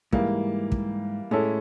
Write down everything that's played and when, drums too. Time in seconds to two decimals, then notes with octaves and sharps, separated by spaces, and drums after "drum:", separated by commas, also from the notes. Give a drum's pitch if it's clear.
0.13 G#2 E3 G3 A#3, drum: kick
0.72 drum: kick
1.31 A2 G#3 C#4 E4 A4